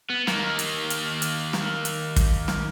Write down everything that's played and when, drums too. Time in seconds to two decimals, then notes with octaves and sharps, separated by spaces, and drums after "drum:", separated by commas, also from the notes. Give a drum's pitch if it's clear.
0.10 B3
0.27 D#3 A#3, drum: snare
0.59 drum: hi-hat
0.90 drum: hi-hat
1.22 drum: hi-hat
1.53 drum: snare
1.85 drum: hi-hat
2.16 drum: kick, hi-hat
2.48 drum: snare